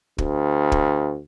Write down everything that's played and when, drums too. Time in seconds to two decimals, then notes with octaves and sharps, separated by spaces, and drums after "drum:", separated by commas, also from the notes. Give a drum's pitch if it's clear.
0.18 D2, drum: kick
0.72 drum: kick